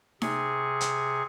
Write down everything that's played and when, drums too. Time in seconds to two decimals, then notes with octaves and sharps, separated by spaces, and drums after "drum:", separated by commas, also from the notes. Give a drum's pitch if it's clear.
0.22 C3 G#4 C#6, drum: snare D#4
0.81 drum: hi-hat